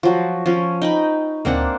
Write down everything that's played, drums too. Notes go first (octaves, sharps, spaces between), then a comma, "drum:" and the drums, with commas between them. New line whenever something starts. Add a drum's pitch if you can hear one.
F3 F#3
F3 C#4
D#4 G5 B5
A#3 C4 D4 F#5, drum: tom D2